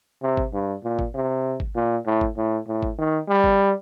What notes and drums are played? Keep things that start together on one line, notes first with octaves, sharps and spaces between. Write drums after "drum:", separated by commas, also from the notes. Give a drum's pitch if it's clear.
C3
drum: kick G#1
G2
A#2
drum: kick G#1
C3
drum: kick G#1
A#2
A2
drum: kick G#1
A2
A2
drum: kick G#1
D#3
G3
drum: kick G#1